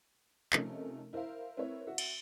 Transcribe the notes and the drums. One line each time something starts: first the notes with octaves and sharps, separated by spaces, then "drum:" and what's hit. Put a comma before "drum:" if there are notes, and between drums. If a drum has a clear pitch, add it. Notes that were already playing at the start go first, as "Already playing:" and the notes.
C3 F3 A3 C#4 D#4 A#4, drum: clap
E4 A#4 C5 E5 F5
C4 E4 A#4 B4 C#5 E5
F#4 E5
drum: cymbal